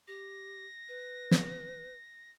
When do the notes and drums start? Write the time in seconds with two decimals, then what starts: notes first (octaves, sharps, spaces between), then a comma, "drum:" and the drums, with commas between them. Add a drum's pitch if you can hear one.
0.07 G4 A#6
0.89 B4
1.31 drum: snare